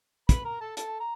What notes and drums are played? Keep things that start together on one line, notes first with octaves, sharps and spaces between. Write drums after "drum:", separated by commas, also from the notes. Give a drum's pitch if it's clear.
B4 B5, drum: kick, hi-hat
A#4 A#5
A4 A5
A4 A5, drum: hi-hat
A#5